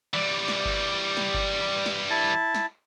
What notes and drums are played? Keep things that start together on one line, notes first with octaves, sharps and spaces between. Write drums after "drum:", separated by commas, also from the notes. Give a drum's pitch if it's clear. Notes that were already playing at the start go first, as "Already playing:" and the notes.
E3 G3 D5
drum: snare
drum: kick G1
drum: snare
drum: kick G1
drum: snare
E4 A5
drum: snare